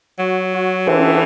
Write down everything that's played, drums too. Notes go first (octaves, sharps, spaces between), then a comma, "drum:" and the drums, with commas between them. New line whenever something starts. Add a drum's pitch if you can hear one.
F#3 F#4
F#4
E3 A4, drum: cymbal